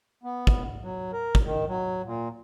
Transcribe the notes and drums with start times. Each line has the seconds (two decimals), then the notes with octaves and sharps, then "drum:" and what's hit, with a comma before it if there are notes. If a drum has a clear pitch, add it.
0.23 B3
0.47 drum: kick
0.82 F#3
1.13 A#4
1.35 drum: kick
1.45 D#3
1.68 F#3
2.05 A#2